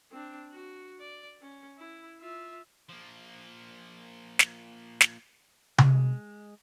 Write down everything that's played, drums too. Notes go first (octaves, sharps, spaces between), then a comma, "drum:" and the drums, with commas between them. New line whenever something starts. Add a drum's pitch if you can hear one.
C4 D4
F#4
D5
C#4
E4
F4 E5
F3 A#3
drum: snare
drum: snare
G#3, drum: tom C3